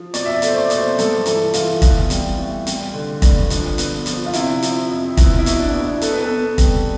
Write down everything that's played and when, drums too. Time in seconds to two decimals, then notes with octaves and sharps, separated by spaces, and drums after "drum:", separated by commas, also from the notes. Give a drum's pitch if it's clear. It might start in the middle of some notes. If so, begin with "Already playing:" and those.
Already playing: F3
0.14 B2 D5, drum: hi-hat
0.25 E5
0.35 D5
0.42 A3, drum: hi-hat
0.48 C5
0.56 D5
0.70 B2, drum: hi-hat
0.78 C5
0.99 G2 A4, drum: hi-hat
1.26 E3 A4, drum: hi-hat
1.54 E3 F4, drum: hi-hat
1.82 B3, drum: kick, hi-hat
2.10 G3, drum: hi-hat
2.38 A2
2.67 G3, drum: hi-hat
2.94 D3
3.22 G2, drum: kick, hi-hat
3.50 F3 D4, drum: hi-hat
3.78 B3, drum: hi-hat
4.06 F3, drum: hi-hat
4.26 F4
4.33 C3 E4, drum: hi-hat
4.62 F3, drum: hi-hat
4.90 F2
5.17 B3 E4, drum: kick, hi-hat
5.39 E4
5.46 B2, drum: hi-hat
5.59 D4
5.73 B2
5.80 E4
6.01 B3 A4, drum: hi-hat
6.13 B4
6.24 A4
6.29 B3
6.58 G3, drum: kick, hi-hat